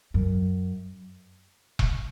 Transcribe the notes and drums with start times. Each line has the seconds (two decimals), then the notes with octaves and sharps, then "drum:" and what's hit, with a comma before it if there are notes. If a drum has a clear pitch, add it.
0.14 F#2
1.79 drum: kick E1